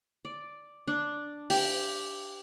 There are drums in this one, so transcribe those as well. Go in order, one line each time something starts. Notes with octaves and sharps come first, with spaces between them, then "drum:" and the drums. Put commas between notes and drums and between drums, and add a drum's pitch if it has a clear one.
D5
D4
G4, drum: open hi-hat